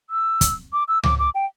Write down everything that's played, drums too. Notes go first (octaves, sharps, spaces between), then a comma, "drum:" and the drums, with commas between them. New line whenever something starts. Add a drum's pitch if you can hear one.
E6
drum: kick, hi-hat
D6
E6
D6, drum: tom C#2
D6
G5